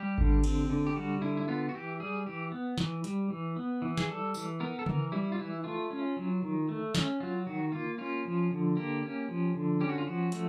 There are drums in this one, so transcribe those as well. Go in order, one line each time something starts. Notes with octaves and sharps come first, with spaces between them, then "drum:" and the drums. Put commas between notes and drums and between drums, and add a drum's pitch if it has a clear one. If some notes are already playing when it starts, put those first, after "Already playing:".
Already playing: G3 G4
D3, drum: kick G#1
C4, drum: cymbal
D3
G4
G3 F#4
D3 E4
E4
B3 F4
F#4
E3 G4
G3 G#4
E3 G4
B3
E3, drum: snare
G3, drum: hi-hat
E3
B3
E3
G#4, drum: snare
G3 A4
E3, drum: tambourine
B3 A#4
A4
E3 A#4, drum: tom C#3
G3 E4
F4
E3 E4
A3 F4
C#4
F#3
D#3
A3
C#4, drum: snare
F#3 F4
D#3 F#4
A#3 F4
C#4 F4
F3
D3
A#3 G4
C#4
F3
D3
C#4 G4
F#4
F4
F3 F#4
A3, drum: hi-hat